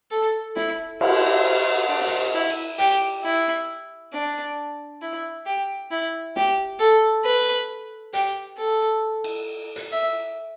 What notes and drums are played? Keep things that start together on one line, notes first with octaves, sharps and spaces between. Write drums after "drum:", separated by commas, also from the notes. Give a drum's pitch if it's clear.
A4
E4, drum: snare
E4, drum: cymbal
D4
drum: hi-hat
E4
drum: cymbal
G4, drum: hi-hat
E4
D4
E4
G4
E4
G4, drum: snare
A4
B4
G4, drum: hi-hat
A4
drum: cymbal
drum: hi-hat
E5